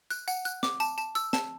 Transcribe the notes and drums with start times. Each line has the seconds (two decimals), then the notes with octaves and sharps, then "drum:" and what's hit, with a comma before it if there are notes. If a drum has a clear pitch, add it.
0.10 F#6, drum: tambourine
0.28 F#5, drum: tambourine
0.45 F#6, drum: tambourine
0.63 D6, drum: snare
0.80 A5, drum: tambourine
0.98 A5, drum: tambourine
1.15 E6, drum: tambourine
1.33 A5, drum: snare